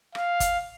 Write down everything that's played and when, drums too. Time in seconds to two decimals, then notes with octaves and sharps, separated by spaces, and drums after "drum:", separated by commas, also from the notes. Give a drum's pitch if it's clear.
0.15 F5, drum: rim click
0.40 drum: kick G1, hi-hat